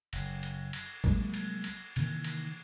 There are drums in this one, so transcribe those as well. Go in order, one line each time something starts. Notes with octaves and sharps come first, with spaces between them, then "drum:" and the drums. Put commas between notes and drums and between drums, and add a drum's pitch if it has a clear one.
F#1, drum: cymbal
drum: cymbal
drum: cymbal
C2 F#3 G#3 A#3, drum: kick
drum: cymbal
drum: cymbal
C3 D#3 E3 A#3, drum: cymbal
drum: cymbal